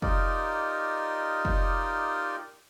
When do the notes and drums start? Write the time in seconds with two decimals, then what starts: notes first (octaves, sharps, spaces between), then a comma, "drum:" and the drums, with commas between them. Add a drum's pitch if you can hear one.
0.02 D#4 F4 G4 A#4 D5 D#5, drum: kick
1.45 drum: kick